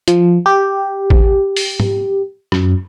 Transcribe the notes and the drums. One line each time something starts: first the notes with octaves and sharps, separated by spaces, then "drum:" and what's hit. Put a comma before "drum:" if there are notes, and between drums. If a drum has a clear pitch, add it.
F3, drum: hi-hat
G4
drum: kick A1
drum: open hi-hat
drum: tom G#2
F#2, drum: rim click